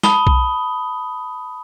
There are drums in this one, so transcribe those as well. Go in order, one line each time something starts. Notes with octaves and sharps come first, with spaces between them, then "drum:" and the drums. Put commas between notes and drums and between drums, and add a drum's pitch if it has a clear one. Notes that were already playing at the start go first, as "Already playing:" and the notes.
A5 B5 D#6 G7, drum: snare
drum: kick B1